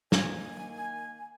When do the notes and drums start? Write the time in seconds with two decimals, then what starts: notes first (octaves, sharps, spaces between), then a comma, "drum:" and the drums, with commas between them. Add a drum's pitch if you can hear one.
0.12 D#3 A#3 G#5, drum: snare